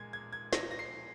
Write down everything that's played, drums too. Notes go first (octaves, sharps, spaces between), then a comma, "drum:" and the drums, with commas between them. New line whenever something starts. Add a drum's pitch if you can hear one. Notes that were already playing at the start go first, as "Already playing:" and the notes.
Already playing: A#2 G#3 G#6
G#6
G#6
A#6, drum: snare
A#6
C7